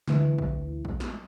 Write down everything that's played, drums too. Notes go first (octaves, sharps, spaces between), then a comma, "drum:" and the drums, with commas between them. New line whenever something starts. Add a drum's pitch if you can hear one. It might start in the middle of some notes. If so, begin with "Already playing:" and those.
D2 E3, drum: snare
drum: kick A1
drum: kick A1
drum: snare